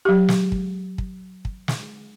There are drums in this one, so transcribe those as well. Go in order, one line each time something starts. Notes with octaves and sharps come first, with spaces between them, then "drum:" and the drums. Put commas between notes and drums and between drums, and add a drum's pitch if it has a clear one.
F#3 G4
drum: snare
drum: kick
drum: kick
drum: kick
drum: snare